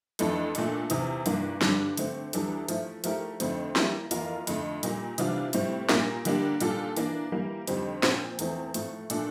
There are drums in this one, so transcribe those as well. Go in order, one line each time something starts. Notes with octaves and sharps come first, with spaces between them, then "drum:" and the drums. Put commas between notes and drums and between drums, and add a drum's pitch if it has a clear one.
F2 E3 A3 D4 A4, drum: hi-hat
A#2 A3 D4 A4, drum: hi-hat
E2 C3 E3, drum: hi-hat
G2 E3 A#3 D4, drum: hi-hat
G2 D3 G3 D4, drum: snare
D3 A3 C4, drum: hi-hat
E2 E3 G3 D4 A4, drum: hi-hat
F3 A3 E4, drum: hi-hat
F3 A3 E4 G4 A#4, drum: hi-hat
F2 D3 A3 C4, drum: hi-hat
E3 G3 A#3 E4 G4, drum: snare
F2 E3 A#3 F4 A#4, drum: hi-hat
F2 D3 A3, drum: hi-hat
A#2 G3 A#3, drum: hi-hat
C3 E3 G3 D4 F4, drum: hi-hat
A2 G3 C4 E4, drum: hi-hat
A#2 G3 A#3, drum: snare
D3 G3 A#3 D4 G4, drum: hi-hat
A#2 G3 D4 F4 A4, drum: hi-hat
E3 A#3 D4, drum: hi-hat
E3 G3 A#3
F2 D3 G3 C4 G4, drum: hi-hat
A#2 F3 C4, drum: snare
E2 E3 A3 C4, drum: hi-hat
A2 F3 A3, drum: hi-hat
A#2 A3 D4 A4, drum: hi-hat